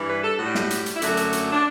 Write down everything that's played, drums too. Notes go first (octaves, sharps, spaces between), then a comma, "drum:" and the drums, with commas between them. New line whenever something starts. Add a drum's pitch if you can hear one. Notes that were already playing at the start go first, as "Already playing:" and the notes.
Already playing: G2 E3 G3
B4
A4
A2 G3 F#4
drum: snare
drum: hi-hat
drum: hi-hat
E4
F#2 D3 F#3 A3 F#4, drum: hi-hat
drum: hi-hat
drum: hi-hat
D4